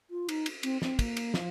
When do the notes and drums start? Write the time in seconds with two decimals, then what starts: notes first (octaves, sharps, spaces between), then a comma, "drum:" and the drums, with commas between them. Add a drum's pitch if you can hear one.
0.11 F4
0.29 D#4, drum: cymbal
0.46 drum: cymbal
0.63 C4, drum: cymbal
0.82 C4, drum: snare
0.99 A#3, drum: kick, cymbal
1.17 drum: cymbal
1.34 F3, drum: snare